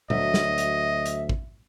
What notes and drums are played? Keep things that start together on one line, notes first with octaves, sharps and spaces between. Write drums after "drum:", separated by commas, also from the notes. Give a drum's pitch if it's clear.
D2 F#3 D#5 E5, drum: tom A#2
drum: snare
drum: hi-hat
drum: hi-hat
drum: kick